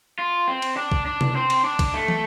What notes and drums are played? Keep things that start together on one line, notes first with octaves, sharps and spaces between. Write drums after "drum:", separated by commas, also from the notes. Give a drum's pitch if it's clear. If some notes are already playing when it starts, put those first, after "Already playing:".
F4
C4
drum: cymbal
D4
drum: kick
D4
drum: tom C3
C4
drum: cymbal
D4
drum: kick, cymbal
A3
drum: tom